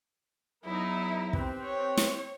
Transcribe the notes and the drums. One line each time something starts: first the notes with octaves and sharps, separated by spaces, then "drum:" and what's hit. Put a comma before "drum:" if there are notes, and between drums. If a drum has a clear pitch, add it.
E2 F#3 B3 D#4 E4
C4 G4 B4, drum: kick
C#5
drum: snare